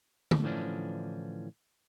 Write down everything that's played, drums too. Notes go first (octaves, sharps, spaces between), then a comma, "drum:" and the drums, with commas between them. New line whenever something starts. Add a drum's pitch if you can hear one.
drum: tom
A2 D3 E3 F3 C#4 D4